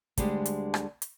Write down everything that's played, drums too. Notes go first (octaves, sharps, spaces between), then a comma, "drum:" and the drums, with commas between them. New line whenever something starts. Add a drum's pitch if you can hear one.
D2 D3 G3 G#3 G4 G#4, drum: kick, hi-hat
drum: hi-hat
drum: rim click
drum: hi-hat